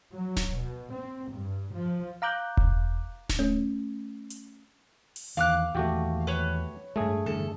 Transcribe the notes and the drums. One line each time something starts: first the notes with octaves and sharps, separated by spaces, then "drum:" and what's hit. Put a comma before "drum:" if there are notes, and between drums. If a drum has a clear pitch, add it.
F#3
drum: snare D1
B2
C4
G2
F3
F5 A#5 D6 F#6 G6
drum: kick E1
drum: snare D1
A3 C#4
drum: hi-hat
drum: open hi-hat
E2 D#3 F5 D6 F#6
E2 A#2 D#3 A3 F#4 G4
B4 C#5
G2 G#3 A3 G#4
G2 D3 E3 A4